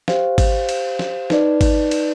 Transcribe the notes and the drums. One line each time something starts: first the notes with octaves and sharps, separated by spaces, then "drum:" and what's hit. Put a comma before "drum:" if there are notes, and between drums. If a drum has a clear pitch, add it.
G4 C5 F5, drum: snare
drum: kick G#1, cymbal
drum: cymbal
drum: snare
D#4 B4 D5, drum: snare
drum: kick G#1, cymbal
drum: cymbal